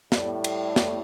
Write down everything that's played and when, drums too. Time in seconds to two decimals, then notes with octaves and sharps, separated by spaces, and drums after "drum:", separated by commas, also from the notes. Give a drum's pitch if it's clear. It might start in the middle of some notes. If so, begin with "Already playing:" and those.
0.12 A2 G3 D5, drum: snare
0.44 drum: cymbal
0.76 drum: snare